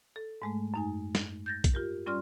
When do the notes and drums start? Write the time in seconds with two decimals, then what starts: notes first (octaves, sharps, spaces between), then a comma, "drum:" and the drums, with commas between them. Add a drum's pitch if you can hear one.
0.16 A4
0.42 G#2 G#3 A3
0.74 F#2 D#4 G#5
1.15 drum: snare
1.46 G6 A6 A#6
1.64 drum: kick B1, hi-hat
1.74 F4 G4 A#4
2.06 G3 C#4 F4 D5 C6 F6